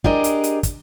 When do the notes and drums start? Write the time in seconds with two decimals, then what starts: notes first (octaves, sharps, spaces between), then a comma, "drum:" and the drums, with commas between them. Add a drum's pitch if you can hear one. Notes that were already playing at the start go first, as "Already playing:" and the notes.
0.04 D4 G4 G#4 A#4 D5 D#5, drum: kick
0.24 drum: hi-hat
0.44 drum: hi-hat
0.63 drum: kick, hi-hat